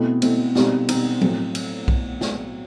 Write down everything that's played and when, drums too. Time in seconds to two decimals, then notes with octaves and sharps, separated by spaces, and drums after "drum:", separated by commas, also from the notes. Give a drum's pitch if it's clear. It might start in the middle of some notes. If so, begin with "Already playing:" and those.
Already playing: B2 A3 C4 E4
0.22 B2 A3 C4 E4, drum: cymbal
0.55 B2 G3 C4 D#4, drum: snare
0.89 B2 G3 C4 D#4, drum: cymbal
1.21 A2 F#3 C4, drum: tom F3
1.55 drum: cymbal
1.88 drum: kick B1
2.21 drum: snare